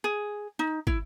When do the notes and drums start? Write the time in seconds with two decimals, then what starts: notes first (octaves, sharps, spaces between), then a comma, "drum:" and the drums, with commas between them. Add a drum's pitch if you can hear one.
0.04 G#4
0.59 D#4
0.87 E4, drum: kick